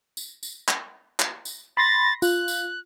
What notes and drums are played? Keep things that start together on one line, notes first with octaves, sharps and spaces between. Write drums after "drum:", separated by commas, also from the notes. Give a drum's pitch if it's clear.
drum: tambourine
drum: tambourine
drum: clap
drum: clap
drum: tambourine
B5 C6 A6 A#6
F4 F#6, drum: tambourine
drum: tambourine